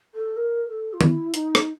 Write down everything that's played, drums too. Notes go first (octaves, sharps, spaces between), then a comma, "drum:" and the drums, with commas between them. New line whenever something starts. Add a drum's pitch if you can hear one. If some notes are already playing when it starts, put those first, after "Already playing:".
A4
A#4
A4
F4
E4, drum: tom D#3
D#4, drum: hi-hat
drum: rim click